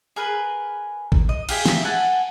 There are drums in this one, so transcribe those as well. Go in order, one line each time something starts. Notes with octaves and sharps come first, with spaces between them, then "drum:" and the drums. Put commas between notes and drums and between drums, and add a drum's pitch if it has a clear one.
G#4 A#4 B4
drum: kick
D#5
F4 G4 G#4 E5, drum: cymbal
drum: snare
F#5 G#5 A5